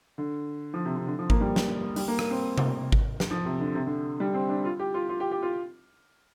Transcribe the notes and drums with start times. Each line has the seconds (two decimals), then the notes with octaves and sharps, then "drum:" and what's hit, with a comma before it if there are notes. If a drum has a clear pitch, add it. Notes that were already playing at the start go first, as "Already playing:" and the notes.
0.18 D3
0.74 F3
0.85 C3
0.96 C3
1.07 D3
1.19 F3
1.30 A#3, drum: kick G#1
1.41 G3
1.56 drum: snare
1.96 G3, drum: open hi-hat
2.08 A#3
2.19 A#3, drum: rim click
2.30 C4
2.58 drum: tom C3
2.92 drum: kick G#1
3.20 drum: snare
3.31 F3
3.46 C3
3.60 D3
3.75 C3
3.86 D3
4.20 G3
4.34 C4
4.49 D4
4.65 F4
4.80 G4
4.94 F4
5.09 F4
5.20 G4
5.31 G4
5.43 F4